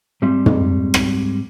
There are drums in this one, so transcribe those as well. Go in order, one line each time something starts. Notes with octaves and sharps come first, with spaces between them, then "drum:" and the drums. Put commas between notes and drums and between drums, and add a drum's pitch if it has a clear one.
G#2 G3 C4 E5
drum: tom
drum: rim click